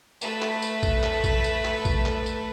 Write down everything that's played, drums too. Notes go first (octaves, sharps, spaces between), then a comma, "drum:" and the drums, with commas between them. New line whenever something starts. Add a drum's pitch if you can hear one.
A3 B4, drum: tambourine
drum: clap
drum: tambourine
drum: kick A#1, tambourine
drum: clap
drum: kick A#1, tambourine
drum: tambourine
drum: clap
drum: kick A#1, tambourine
drum: clap
drum: tambourine